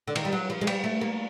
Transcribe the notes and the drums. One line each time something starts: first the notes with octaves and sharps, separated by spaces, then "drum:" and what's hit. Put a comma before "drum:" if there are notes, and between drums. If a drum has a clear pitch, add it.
D3
D#3, drum: cymbal
G3
F#3
F3
G#3
G3, drum: cymbal
A3
A#3